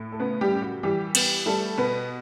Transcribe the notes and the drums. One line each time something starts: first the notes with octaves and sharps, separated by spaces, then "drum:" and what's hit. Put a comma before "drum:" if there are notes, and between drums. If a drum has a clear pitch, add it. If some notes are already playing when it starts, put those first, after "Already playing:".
Already playing: A2
A4
C#3 B3 B4
G3 G4
F#2
F#4
E3 G3 G4
B3, drum: cymbal
G3 A3 A4
B2 B3 B4